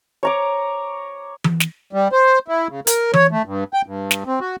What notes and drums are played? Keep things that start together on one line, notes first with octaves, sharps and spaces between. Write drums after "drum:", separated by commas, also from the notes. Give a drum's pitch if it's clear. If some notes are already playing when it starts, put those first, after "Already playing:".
C#5 A#5 D6
drum: tom E3
drum: snare
G3
C5
E4
C#3
A#4, drum: hi-hat
C#5, drum: tom E3
A3
G2
G5
G2
drum: snare
C4
F#4